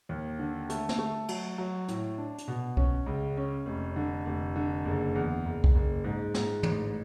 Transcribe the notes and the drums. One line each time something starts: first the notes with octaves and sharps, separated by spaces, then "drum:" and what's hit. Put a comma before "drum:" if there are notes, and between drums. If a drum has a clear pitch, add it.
D#2
D3
A3, drum: hi-hat
drum: snare
A3
F#3, drum: cymbal
F#3
A2, drum: hi-hat
D4
drum: hi-hat
B2
C#4, drum: kick B1
C#2
C#4
F1
D3
F1
D3
F#1
E2
F#1
drum: kick B1
F#1
G#2
G#2, drum: snare
A1, drum: tom